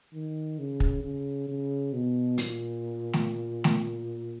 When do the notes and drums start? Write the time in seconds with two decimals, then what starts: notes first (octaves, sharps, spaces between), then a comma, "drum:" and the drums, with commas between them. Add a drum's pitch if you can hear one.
0.14 D#3
0.59 C#3
0.80 drum: kick
1.04 C#3
1.49 C#3
1.93 B2
2.38 A#2, drum: hi-hat
3.13 drum: snare A3
3.64 drum: snare A3